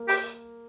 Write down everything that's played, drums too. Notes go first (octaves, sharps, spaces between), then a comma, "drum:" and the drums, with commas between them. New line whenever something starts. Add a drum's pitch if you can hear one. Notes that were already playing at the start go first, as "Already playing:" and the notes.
Already playing: A#3
G4, drum: open hi-hat